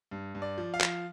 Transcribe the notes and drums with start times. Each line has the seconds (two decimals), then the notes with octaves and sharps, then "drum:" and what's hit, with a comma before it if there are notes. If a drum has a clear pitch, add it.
0.11 G2
0.35 G2
0.42 D5
0.58 F3
0.74 F5
0.81 F3, drum: clap